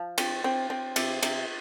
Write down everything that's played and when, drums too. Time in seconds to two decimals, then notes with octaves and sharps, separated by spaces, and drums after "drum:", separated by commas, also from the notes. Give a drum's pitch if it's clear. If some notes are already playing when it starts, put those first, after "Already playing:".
Already playing: F3
0.18 C4, drum: cymbal
0.44 C4
0.70 C4
0.96 C3, drum: cymbal
1.23 C3, drum: cymbal